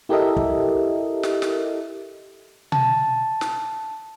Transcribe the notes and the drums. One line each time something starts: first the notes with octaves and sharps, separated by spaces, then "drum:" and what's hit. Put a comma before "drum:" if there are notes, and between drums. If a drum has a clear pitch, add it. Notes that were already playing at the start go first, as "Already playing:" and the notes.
E4 G4 A4 A#4 D#5 E5
drum: kick
drum: snare
drum: snare
A5, drum: tom B2
drum: snare